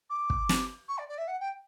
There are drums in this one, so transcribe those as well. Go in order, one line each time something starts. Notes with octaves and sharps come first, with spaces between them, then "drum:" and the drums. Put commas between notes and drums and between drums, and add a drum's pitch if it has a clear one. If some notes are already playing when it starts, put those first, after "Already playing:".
D6
drum: kick
drum: snare
C#6
D5
D5
E5
F#5
G5